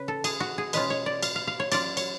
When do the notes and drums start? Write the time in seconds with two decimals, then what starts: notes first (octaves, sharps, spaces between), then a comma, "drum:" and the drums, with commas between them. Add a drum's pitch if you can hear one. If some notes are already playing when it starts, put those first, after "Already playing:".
Already playing: C#3 C#4 B4
0.08 A4
0.24 G#4, drum: cymbal
0.40 F#4
0.58 G#4
0.73 B2 G#3 C#4 F4 B4, drum: cymbal
0.90 C#5
1.06 D5
1.23 F5, drum: cymbal
1.36 F5
1.47 F5
1.60 C#5
1.72 F#3 C#4 F4 D5, drum: cymbal
1.97 C#5, drum: cymbal